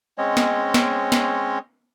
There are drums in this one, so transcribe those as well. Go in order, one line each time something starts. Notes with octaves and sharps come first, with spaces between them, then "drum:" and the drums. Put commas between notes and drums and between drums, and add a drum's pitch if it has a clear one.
G#3 C4 C#4 C#5 D#5
drum: snare
drum: snare
drum: snare